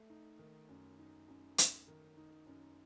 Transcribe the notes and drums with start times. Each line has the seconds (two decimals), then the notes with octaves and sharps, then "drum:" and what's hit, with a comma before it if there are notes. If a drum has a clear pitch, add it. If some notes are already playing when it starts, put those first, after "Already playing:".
Already playing: A3
0.10 D#4
0.39 D#3
0.69 F#2
0.98 D#4
1.28 F#2
1.58 F#2, drum: hi-hat
1.88 D#3
2.17 D#4
2.47 F#2